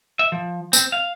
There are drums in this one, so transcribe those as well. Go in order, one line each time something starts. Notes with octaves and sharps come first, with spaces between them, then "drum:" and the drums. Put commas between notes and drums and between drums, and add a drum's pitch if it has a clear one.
E5
F3
C4, drum: tambourine
F5